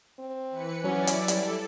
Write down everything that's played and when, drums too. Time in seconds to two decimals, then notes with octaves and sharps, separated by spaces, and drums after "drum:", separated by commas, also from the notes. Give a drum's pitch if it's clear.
0.18 C4
0.50 E3 B4 C#7
0.84 F#3 C#4 E4 D5
1.07 drum: hi-hat
1.28 G3 A4, drum: hi-hat